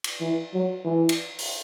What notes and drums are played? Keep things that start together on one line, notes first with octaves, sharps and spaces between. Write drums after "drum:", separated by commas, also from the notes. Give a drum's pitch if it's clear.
drum: cymbal
E3
F#3
E3
drum: cymbal
drum: open hi-hat